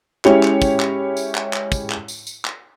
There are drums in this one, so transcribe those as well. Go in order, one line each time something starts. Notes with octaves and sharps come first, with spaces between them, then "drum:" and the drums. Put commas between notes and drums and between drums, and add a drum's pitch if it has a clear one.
G#3 C#4 E4 G4 C#5, drum: clap
drum: clap
drum: kick, tambourine
drum: clap
drum: tambourine
drum: clap
drum: clap
drum: kick, tambourine
drum: clap
drum: tambourine
drum: tambourine
drum: clap